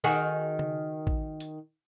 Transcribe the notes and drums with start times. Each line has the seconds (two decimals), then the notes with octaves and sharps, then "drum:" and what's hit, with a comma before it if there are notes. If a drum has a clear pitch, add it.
0.04 D#3 F#4 G#4
0.59 drum: tom C#3
1.07 drum: kick
1.40 drum: hi-hat